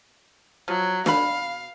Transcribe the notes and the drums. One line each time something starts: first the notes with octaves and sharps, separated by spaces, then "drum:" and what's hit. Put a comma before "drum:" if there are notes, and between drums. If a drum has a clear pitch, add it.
F3 F#3
B2 F5 B5, drum: snare